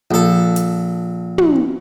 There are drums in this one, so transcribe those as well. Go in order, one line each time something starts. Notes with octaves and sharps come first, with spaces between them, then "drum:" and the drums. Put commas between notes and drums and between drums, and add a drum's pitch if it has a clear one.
A#1 A4
drum: hi-hat
drum: tom